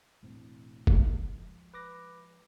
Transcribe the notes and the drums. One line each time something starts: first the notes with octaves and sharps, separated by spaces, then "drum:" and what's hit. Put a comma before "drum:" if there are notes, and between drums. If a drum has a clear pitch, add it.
E1 A2 C4
F3 G#3, drum: kick
B4 D6 A#6